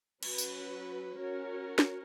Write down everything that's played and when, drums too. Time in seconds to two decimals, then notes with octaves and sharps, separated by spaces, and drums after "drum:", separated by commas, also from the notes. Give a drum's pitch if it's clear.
0.23 F#3 C#4 F#4 B4, drum: cymbal
0.38 drum: tambourine
1.18 C#4 F#4 A#4 C#5
1.79 drum: snare